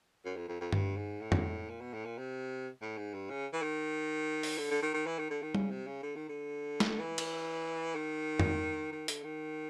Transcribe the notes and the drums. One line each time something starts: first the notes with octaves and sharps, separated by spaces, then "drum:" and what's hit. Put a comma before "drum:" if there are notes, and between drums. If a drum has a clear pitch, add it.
F#2
F2
F2
F2
G2, drum: tom G2
G#2
A2
drum: tom
A#2
B2
A2
A#2
C3
A2
G#2
G2
C#3
E3
D#3
drum: open hi-hat
D3
D3
D#3
D#3
E3
D#3
D3
D#3
C#3, drum: tom G3
C3
C#3
D3
D#3
D3
drum: snare
E3
drum: cymbal
D#3
drum: tom
D#3
D3, drum: hi-hat
D#3